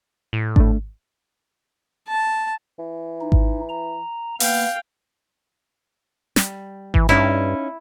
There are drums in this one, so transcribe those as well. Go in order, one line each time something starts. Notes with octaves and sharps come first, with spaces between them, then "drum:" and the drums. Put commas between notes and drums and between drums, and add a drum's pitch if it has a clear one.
A2
A3 D4, drum: kick G#1
A5
E3
D#4
drum: kick G#1
A#5
A#3 B3 F5 G5, drum: open hi-hat
G3, drum: snare
E3, drum: kick G#1
G2 C#4 D#4 E4 F5